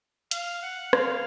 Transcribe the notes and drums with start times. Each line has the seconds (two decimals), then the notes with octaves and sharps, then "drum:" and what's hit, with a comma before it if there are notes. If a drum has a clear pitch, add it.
0.31 F5, drum: hi-hat
0.62 F#5
0.93 F5, drum: rim click